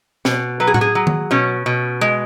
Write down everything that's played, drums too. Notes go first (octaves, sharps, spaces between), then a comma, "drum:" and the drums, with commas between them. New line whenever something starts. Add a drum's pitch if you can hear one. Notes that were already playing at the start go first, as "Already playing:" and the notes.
B2, drum: snare
F#3 B4
G#4
F#4, drum: tom A2
G#4
F#3
drum: tom D#3
B2 C#4
B2
G#3